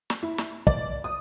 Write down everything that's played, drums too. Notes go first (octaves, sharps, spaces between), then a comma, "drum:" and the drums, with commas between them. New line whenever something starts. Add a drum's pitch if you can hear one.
drum: snare
E4
drum: snare
D5, drum: kick
D#6